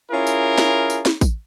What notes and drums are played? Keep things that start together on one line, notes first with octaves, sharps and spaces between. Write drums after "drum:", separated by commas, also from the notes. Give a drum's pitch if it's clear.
C#4 E4 F4 G#4 A#4
drum: tambourine
drum: snare
drum: tambourine
drum: snare
drum: kick, tambourine